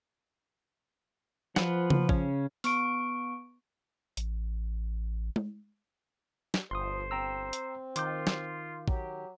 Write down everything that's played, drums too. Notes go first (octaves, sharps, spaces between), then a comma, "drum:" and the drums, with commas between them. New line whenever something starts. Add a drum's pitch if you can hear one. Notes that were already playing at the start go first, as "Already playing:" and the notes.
F3 F4 B4 F#5, drum: snare
drum: tom C#3
C#3 C#4, drum: kick A1
B3 C#6 D7, drum: open hi-hat
A1, drum: hi-hat
drum: tom G#3
drum: snare
G1 F3 C5 C6 D#6
C4 G5 A#5 E6
drum: hi-hat
D#3 F4 C6 D6 G6, drum: hi-hat
drum: snare
F#3 G4, drum: kick A1